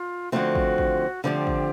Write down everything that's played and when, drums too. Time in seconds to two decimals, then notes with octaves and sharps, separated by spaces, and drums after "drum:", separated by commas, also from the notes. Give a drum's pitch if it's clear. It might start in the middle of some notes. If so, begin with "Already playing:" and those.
Already playing: F4
0.32 D3 F3 A3 C4 F#4
0.55 drum: kick
0.78 drum: kick
1.24 D3 F3 A3 C4 G4
1.47 drum: kick